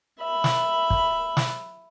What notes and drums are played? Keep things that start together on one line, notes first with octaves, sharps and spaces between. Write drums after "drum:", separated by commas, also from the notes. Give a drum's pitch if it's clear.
E5 B5
drum: snare
drum: kick
drum: snare